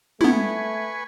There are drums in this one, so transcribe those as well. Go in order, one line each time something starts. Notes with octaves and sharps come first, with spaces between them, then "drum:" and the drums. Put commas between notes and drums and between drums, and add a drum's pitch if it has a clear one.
A3 B3 E4 B4 G#5 C#6, drum: tom